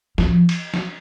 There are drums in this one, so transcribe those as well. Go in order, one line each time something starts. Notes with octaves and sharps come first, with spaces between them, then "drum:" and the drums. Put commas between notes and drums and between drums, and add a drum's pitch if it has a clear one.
F3, drum: snare
drum: cymbal
drum: snare